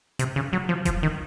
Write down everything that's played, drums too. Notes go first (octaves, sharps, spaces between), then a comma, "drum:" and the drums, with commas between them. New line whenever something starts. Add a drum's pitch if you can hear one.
C3, drum: hi-hat
C#3
F#3
F3
F3, drum: kick E1, hi-hat
D#3